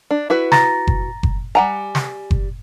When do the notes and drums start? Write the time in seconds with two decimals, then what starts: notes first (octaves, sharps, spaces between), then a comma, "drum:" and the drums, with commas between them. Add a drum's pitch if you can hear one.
0.11 D4
0.30 E4 F#4 B4
0.52 A#5 A6 A#6, drum: snare
0.87 drum: kick F#1
1.23 drum: kick F#1
1.55 G3 F#5 G#5 A#5
1.95 drum: snare
2.31 drum: kick F#1